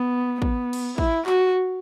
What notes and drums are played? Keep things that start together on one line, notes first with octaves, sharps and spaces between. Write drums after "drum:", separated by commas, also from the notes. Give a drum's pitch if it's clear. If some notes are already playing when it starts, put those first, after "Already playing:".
Already playing: B3
B3, drum: kick
drum: cymbal
E4, drum: kick
F#4, drum: clap